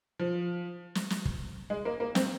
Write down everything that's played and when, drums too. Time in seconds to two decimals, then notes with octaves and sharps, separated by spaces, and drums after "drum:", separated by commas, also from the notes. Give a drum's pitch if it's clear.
0.19 F3
0.95 drum: snare
1.10 drum: snare
1.25 drum: kick
1.70 G#3
1.85 A#3
2.00 A#3
2.15 C4, drum: snare